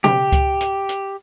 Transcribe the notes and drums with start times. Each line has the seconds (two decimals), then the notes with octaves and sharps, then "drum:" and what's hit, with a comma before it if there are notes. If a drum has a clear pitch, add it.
0.04 G4, drum: tom
0.32 drum: kick C#2, hi-hat
0.61 drum: hi-hat
0.89 drum: hi-hat